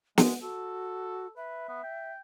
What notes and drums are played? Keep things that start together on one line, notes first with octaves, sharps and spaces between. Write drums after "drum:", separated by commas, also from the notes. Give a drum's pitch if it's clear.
G#3 F#5, drum: snare
F#4 A4
B4 E5
B3
G5